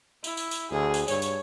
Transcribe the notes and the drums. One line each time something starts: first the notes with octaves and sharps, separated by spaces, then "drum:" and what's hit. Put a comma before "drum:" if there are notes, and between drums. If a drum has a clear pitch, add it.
E4, drum: tambourine
drum: tambourine
drum: tambourine
D2 G#4
drum: tambourine
G2 C#5, drum: tambourine
drum: tambourine